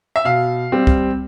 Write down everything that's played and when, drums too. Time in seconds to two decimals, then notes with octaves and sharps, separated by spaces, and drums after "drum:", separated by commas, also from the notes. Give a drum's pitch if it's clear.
0.16 E5
0.25 B2 F5
0.72 G3 C4
0.87 drum: kick C2